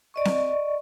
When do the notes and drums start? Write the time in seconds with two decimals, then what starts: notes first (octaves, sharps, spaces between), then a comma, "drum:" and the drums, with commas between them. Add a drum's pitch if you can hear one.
0.14 D5 D#5 C#6
0.25 drum: snare C4